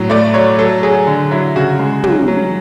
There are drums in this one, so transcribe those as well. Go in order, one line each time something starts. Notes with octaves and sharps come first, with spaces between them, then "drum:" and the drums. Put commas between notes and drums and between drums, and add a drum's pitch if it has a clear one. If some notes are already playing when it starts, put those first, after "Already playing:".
Already playing: A2 F#3
A3 D5
F#3 C#5
F#3 A4
F#3 G#4
D3
F#3 E4
C#3 F#4
G#3
F#3, drum: tom
F#3